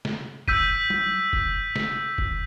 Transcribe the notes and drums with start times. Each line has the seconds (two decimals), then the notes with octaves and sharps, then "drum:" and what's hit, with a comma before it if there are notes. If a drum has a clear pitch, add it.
0.05 drum: snare
0.48 E6 G6 B6 D#7, drum: kick F1
0.90 drum: tom F#3
1.33 drum: kick F1
1.76 drum: snare
2.18 drum: kick F1